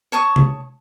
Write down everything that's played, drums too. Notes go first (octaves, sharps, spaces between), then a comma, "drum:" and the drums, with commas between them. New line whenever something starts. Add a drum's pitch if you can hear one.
C#5 A5 C#6 D#6
drum: tom C3